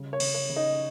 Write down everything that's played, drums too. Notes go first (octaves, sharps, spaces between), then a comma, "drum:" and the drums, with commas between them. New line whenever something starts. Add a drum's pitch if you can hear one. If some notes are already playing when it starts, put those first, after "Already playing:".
Already playing: C#3 G3
C#5
C#3, drum: cymbal
C#5
C#3
D#4 D#5